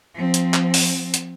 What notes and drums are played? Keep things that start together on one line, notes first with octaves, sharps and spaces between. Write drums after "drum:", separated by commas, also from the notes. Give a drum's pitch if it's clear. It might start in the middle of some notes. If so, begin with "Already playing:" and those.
F3 C4
drum: hi-hat
drum: clap
drum: open hi-hat
drum: hi-hat